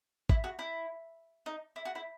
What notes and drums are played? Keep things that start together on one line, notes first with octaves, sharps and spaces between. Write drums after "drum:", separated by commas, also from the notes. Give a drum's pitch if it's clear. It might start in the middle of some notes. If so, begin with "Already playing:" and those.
E4, drum: kick G#1
F#4
E4
D#4
E4
F#4
E4